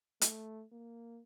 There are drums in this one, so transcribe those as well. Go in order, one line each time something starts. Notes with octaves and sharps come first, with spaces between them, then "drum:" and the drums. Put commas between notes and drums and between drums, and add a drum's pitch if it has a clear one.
A3, drum: hi-hat
A#3